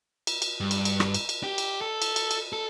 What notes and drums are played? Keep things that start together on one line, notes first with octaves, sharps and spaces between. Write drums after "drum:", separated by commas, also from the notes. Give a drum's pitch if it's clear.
drum: cymbal
drum: cymbal
G2
drum: cymbal
drum: cymbal
drum: rim click
drum: cymbal
drum: cymbal
G4
drum: cymbal
A4
drum: cymbal
drum: cymbal
drum: cymbal
A4